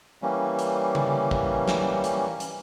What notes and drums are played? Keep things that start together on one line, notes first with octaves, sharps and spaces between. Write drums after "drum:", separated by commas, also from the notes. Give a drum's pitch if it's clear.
E3 G3 A#3 C#4
drum: hi-hat
drum: tom C#3
drum: kick
drum: snare
drum: hi-hat
drum: hi-hat